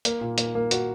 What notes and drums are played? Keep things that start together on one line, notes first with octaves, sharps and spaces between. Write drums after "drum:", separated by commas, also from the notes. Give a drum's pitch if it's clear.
A#3, drum: hi-hat
A#2
A#3, drum: hi-hat
A#3
F#4, drum: hi-hat